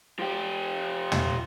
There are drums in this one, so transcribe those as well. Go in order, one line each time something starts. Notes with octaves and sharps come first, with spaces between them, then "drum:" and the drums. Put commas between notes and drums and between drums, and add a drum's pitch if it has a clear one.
F3 G4
drum: tom